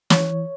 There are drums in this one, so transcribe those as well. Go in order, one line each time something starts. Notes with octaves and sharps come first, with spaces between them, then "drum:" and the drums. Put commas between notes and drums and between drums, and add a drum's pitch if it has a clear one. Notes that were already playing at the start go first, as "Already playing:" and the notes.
E3 C#5, drum: snare